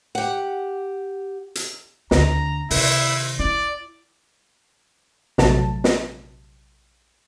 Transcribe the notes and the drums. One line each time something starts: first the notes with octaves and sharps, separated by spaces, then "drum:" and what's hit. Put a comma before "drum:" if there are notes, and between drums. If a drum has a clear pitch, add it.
G4 F#5
drum: hi-hat
D2 D3 A#5, drum: snare
C3 D#3 E4, drum: open hi-hat
E4 D5
A#1 C3 F#3 A3 A5, drum: snare
drum: snare